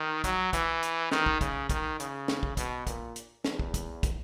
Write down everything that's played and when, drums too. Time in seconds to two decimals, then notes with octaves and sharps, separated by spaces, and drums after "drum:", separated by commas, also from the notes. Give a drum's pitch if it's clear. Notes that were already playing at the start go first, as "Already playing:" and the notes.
Already playing: D#3
0.24 F#3, drum: kick, hi-hat
0.53 E3, drum: kick, hi-hat
0.83 drum: hi-hat
1.11 D#3, drum: snare
1.26 drum: kick
1.41 C#3, drum: kick, hi-hat
1.69 D#3, drum: kick, hi-hat
2.00 C#3, drum: hi-hat
2.28 drum: snare
2.43 drum: kick
2.57 B2, drum: kick, hi-hat
2.87 A#2, drum: kick, hi-hat
3.16 drum: hi-hat
3.44 E2, drum: snare
3.59 drum: kick
3.74 drum: kick, hi-hat
4.03 drum: kick, hi-hat